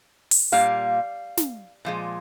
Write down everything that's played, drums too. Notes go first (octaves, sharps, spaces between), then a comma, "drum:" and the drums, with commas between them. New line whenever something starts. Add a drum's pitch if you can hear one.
drum: open hi-hat
A#2 G3 A#3 F5
drum: snare
A#2 F3 G#3